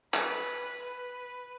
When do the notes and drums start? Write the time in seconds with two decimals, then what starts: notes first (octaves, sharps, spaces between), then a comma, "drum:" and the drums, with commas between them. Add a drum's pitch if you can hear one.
0.14 B4, drum: clap
0.83 B4